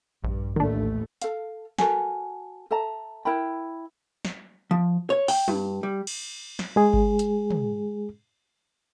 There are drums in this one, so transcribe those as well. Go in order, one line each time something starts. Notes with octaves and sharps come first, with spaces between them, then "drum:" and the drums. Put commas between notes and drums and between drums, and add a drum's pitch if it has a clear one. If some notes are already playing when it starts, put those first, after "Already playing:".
A#1 G2
A1 D#2 D#3 A3 D4
A4 F5, drum: hi-hat
F#4 A4 A#4 G#5, drum: snare
A4 E5 A5 A#5
E4 A#4 G5 B5
drum: snare
F3
C#5
G5, drum: open hi-hat
G2, drum: tom
G3
drum: cymbal
drum: snare
G#3 G#4
drum: kick G1
drum: hi-hat
drum: tom